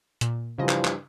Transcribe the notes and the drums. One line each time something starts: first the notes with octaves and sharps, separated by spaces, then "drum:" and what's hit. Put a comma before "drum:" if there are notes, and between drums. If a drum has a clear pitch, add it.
A#2, drum: hi-hat
G2 C#3 E3 F3 D#5
drum: clap
drum: clap